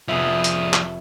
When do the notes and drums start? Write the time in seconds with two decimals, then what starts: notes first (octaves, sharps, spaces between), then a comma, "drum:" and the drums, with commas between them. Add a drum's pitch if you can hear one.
0.08 F1 F3 B3 G#4 E5
0.44 drum: hi-hat
0.74 drum: clap